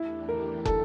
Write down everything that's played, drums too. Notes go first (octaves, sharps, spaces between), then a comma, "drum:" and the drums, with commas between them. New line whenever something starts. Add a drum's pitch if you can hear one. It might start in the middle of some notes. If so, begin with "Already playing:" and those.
Already playing: E2 E3 A3 D4 E4 G4
A#4
A4, drum: kick